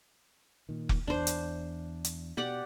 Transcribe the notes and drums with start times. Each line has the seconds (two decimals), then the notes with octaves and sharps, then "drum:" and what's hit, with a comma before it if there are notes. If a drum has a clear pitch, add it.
0.69 A#2 D#3
0.89 drum: kick F1
1.08 E2 D4 C5
1.27 drum: hi-hat
2.05 drum: hi-hat
2.37 B2 G4 D5 F#5